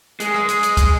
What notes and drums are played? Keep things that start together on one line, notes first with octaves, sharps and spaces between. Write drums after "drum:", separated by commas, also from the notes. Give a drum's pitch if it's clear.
G#3, drum: hi-hat
drum: rim click
drum: hi-hat
drum: hi-hat
drum: kick, hi-hat